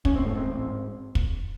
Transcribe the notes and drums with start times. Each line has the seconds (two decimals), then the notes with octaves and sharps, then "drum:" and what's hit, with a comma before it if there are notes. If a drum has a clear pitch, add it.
0.05 A1 C#4, drum: kick
0.16 C4
0.26 G#2 A3
0.35 C4
0.47 A1
0.67 G#2
1.15 drum: kick